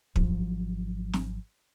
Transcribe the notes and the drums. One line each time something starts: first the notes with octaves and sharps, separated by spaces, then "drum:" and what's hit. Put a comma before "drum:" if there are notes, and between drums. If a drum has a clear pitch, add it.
G#1 F3 F#3, drum: kick
drum: snare